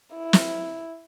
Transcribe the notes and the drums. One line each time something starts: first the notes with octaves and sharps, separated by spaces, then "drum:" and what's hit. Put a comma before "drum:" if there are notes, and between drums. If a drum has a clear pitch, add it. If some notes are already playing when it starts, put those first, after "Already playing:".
E4
drum: snare